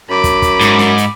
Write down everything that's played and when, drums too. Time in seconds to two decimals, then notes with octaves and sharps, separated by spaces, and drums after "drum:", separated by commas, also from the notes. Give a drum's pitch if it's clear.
0.10 F#2 B5 D6
0.24 drum: kick, hi-hat
0.42 drum: kick, hi-hat
0.61 G#2, drum: hi-hat
0.79 drum: snare
0.98 drum: hi-hat